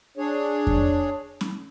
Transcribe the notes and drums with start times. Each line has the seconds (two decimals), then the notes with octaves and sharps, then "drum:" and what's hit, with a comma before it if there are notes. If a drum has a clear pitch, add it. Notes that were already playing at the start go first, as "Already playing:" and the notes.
0.17 D4 G#4 C#5
0.67 drum: kick F2
1.41 drum: snare C#4